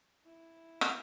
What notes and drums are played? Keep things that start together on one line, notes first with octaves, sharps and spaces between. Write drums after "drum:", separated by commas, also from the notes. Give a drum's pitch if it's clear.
E4
drum: rim click